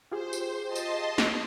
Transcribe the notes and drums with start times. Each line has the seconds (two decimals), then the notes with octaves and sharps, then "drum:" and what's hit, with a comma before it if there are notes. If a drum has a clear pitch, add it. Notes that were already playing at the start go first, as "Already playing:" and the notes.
0.11 F4 G4 G#4 C5
0.33 drum: tambourine
0.65 D#5 A5 C6
0.75 drum: tambourine
1.18 drum: snare